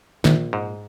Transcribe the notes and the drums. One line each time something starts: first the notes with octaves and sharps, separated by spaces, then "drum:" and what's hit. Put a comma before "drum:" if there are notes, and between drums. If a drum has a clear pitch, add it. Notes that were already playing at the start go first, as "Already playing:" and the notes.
A#1 D#3, drum: snare
G#2